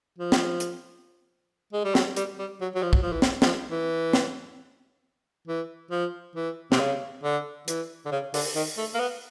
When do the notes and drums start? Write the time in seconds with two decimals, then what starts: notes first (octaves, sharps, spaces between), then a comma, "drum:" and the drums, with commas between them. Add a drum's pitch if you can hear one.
0.19 F3
0.32 drum: snare
0.60 drum: hi-hat
1.73 G#3
1.84 G3
1.95 F#3, drum: snare
2.16 G3, drum: hi-hat
2.39 G3
2.61 F#3
2.75 F#3
2.83 F3
2.93 F#3, drum: kick
3.03 F3
3.12 E3
3.22 drum: snare
3.42 F3, drum: snare
3.71 E3
4.13 drum: snare
5.48 E3
5.91 F3
6.36 E3
6.72 C3, drum: snare
6.80 C#3
7.24 D3
7.68 E3, drum: hi-hat
8.06 D3
8.12 C#3
8.34 D3, drum: open hi-hat
8.56 D#3
8.78 A3
8.94 A#3
9.00 B3